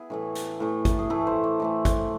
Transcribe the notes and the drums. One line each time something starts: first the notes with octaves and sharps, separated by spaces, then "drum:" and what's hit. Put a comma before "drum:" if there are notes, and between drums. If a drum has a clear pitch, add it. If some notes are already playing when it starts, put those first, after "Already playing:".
Already playing: B3 E4 G#4
A2 E3 A3
drum: hi-hat
A2 E3 A3
drum: kick G#1, hi-hat
G#4
E3 A3 E4 A4
C5
D5
E3 A3 E4 D5
drum: kick G#1, hi-hat